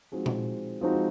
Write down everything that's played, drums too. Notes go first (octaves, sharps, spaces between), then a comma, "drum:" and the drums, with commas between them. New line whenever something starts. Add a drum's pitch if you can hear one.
F3 G#3 C4 D#4 F#4
drum: tom A#2
F3 G#3 C4 D#4 F#4